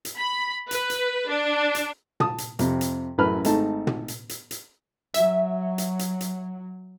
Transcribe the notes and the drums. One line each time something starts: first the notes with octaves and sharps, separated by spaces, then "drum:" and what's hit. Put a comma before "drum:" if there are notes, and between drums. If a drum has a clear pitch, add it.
drum: hi-hat
B5
B4, drum: hi-hat
drum: hi-hat
D4
drum: hi-hat
A5 D#6, drum: tom
drum: hi-hat
F2 C3, drum: hi-hat
drum: hi-hat
A1 F#2 B4 B5 F6
G#1 A3 D#4 A5, drum: hi-hat
drum: tom
drum: hi-hat
drum: hi-hat
drum: hi-hat
F#3 E5, drum: hi-hat
drum: hi-hat
drum: hi-hat
drum: hi-hat